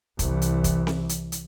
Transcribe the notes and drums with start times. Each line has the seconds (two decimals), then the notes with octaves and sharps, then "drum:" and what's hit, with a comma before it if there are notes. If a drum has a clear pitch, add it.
0.19 C2 E3, drum: kick, hi-hat
0.42 drum: hi-hat
0.64 drum: kick, hi-hat
0.87 drum: snare C4
1.09 drum: hi-hat
1.32 drum: hi-hat